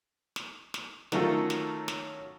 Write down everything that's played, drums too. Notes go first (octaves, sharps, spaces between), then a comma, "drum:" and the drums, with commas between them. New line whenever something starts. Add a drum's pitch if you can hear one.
drum: snare
drum: snare
D#3 F#3 A3 C#4 F4 A4, drum: snare
drum: snare
drum: snare